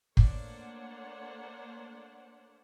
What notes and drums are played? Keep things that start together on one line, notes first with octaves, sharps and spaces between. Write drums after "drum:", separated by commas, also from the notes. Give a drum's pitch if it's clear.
A3 A#3 D4 C5 C#5 F#5, drum: kick